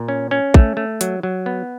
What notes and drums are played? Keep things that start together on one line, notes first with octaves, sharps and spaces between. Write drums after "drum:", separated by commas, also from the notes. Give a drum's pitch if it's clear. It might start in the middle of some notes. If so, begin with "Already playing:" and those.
Already playing: A#2
C#4
C#4
A3, drum: kick
A3
F#3, drum: hi-hat
F#3
B3